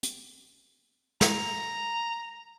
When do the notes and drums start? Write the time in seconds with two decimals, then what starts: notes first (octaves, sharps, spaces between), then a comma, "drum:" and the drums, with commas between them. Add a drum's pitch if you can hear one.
0.03 drum: hi-hat
1.21 A#5, drum: snare